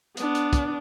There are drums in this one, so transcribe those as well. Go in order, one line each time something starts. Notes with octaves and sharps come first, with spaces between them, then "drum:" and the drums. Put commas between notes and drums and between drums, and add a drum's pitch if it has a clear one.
B3 D4, drum: hi-hat
drum: hi-hat
drum: kick, hi-hat